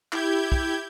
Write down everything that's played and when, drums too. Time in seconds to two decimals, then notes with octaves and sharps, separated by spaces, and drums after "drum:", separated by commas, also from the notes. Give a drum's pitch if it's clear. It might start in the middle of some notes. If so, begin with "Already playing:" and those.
0.13 E4 G4 G6 G#6, drum: clap
0.52 drum: kick